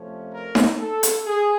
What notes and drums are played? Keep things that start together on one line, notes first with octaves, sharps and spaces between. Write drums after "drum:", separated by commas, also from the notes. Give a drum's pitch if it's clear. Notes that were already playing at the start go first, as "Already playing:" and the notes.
Already playing: F2 C3 F3 A3 C#4
A#4
drum: snare D#4
A4
drum: hi-hat
G#4